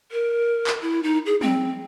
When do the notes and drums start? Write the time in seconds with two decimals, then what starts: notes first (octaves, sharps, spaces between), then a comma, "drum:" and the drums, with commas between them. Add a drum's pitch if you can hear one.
0.12 A#4
0.67 drum: clap
0.82 E4
1.03 D#4
1.26 G#4
1.41 C4, drum: tom